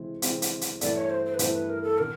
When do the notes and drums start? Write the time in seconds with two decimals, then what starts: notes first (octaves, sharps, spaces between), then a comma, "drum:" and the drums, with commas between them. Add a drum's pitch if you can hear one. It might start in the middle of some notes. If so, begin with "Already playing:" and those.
Already playing: C3 E3 G#3 C4
0.22 C3 E3 G#3 C4, drum: hi-hat
0.42 drum: hi-hat
0.61 drum: hi-hat
0.81 G2 E3 A3 D5, drum: hi-hat
0.96 C#5
1.10 C5
1.25 C5
1.34 B4
1.39 G2 E3 A3 C5, drum: hi-hat
1.54 B4
1.69 A#4
1.84 A4
1.98 D3 A#4